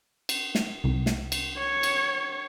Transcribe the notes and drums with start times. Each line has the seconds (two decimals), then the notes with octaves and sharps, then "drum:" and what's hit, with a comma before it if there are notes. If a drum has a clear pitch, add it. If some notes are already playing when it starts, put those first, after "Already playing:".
0.29 drum: cymbal
0.55 drum: snare
0.84 C2
1.06 drum: snare
1.32 drum: cymbal
1.58 C#5
1.83 drum: cymbal